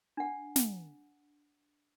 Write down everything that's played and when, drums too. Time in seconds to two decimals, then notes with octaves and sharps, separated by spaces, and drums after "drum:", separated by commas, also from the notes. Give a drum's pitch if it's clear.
0.17 D4 F#5
0.56 drum: snare